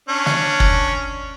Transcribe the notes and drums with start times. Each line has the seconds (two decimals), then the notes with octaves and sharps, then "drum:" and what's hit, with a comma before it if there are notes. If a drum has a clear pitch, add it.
0.09 C#4 D4
0.26 drum: snare
0.60 drum: kick